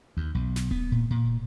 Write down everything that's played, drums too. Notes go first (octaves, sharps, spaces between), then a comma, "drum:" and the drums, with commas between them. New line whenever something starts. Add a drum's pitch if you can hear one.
D#2
B1
drum: snare
B3, drum: kick D1
A#2
A#2